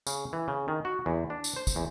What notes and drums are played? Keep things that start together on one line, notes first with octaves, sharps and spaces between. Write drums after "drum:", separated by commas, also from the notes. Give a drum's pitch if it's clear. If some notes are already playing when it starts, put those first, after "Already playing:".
C#3, drum: tambourine
E3
C#3
D#3
F#4
E2
D4
drum: tambourine
C5
drum: kick, tambourine
E2